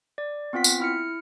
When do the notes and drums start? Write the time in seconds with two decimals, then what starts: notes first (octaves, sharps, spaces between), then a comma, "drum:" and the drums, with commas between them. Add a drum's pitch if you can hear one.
0.18 D5
0.53 B3 C4 F4 F#5 B6
0.64 drum: tambourine
0.80 E4 F6 C#7